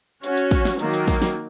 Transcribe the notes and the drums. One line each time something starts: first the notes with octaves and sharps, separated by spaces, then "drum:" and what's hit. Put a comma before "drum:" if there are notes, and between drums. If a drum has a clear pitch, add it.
C#4 F#4 C#5, drum: hi-hat
drum: hi-hat
drum: kick, open hi-hat
drum: snare
D#3 F#3 A#3, drum: hi-hat
drum: hi-hat
drum: kick, open hi-hat
drum: snare